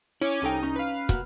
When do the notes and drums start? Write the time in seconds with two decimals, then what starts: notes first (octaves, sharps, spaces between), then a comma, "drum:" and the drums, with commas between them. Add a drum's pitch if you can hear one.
0.21 C#4 E4 G#5 D6
0.42 C2 C#4 D#4 A4 G5
0.63 C#4
0.76 B4 F5
1.09 A#3 F#4, drum: kick, hi-hat